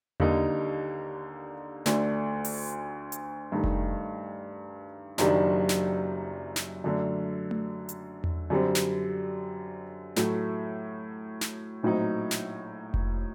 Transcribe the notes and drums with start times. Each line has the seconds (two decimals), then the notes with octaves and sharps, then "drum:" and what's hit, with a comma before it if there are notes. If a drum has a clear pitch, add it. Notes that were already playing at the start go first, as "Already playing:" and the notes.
0.20 D#2 D3 G3 A#3 D#4, drum: tom E2
1.86 D2 D3 A3 D4, drum: snare
2.45 drum: open hi-hat
3.12 drum: hi-hat
3.52 G2 D#3 A3 D#4
3.64 drum: kick F1
5.18 F#1 F#2 D#3 G3 D4, drum: snare
5.69 drum: snare
6.56 drum: snare
6.84 F#2 D3 A3 D4
7.51 drum: tom A3
7.89 drum: hi-hat
8.24 drum: tom E2
8.50 F#2 D3 G3 C4
8.75 drum: snare
10.16 A2 F#3 A3, drum: snare
11.41 drum: snare
11.83 A#1 A2 F#3 C4 D#4
12.31 drum: snare
12.94 drum: kick F1